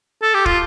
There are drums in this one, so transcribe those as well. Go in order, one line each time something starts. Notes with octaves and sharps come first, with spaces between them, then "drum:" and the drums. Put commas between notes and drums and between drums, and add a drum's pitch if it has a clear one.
A4
G4
F4, drum: kick